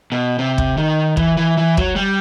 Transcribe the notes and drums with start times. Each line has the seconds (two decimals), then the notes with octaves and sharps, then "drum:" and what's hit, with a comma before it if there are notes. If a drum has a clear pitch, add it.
0.12 B2
0.39 C3
0.58 drum: kick
0.77 D#3
1.17 E3, drum: kick
1.37 E3
1.57 E3
1.77 F#3, drum: kick
1.96 G3